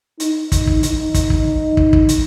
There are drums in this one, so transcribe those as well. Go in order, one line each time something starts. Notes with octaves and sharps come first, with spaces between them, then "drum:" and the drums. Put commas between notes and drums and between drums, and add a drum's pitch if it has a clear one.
D#4, drum: hi-hat
drum: kick, hi-hat
drum: kick
D#4, drum: hi-hat
drum: kick, hi-hat
drum: kick
drum: kick
drum: kick
drum: hi-hat